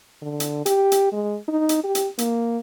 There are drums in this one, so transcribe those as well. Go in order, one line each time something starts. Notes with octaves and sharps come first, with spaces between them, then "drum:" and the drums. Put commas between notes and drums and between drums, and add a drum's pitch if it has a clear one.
D3
drum: hi-hat
G4, drum: hi-hat
drum: hi-hat
G#3
D#4
drum: hi-hat
G4
drum: hi-hat
A#3, drum: hi-hat